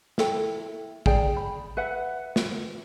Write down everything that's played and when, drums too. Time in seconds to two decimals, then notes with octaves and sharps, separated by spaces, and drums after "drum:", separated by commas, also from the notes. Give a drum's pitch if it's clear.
0.18 E4 A4 G5, drum: snare
1.06 G#4 D5 G5 A#5, drum: kick
1.37 B5
1.77 B4 E5 F#5
2.36 drum: snare